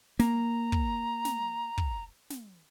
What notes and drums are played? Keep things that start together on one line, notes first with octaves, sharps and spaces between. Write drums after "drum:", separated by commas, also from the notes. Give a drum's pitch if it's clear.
A#3 A#5, drum: snare
drum: kick
drum: snare
drum: kick
drum: snare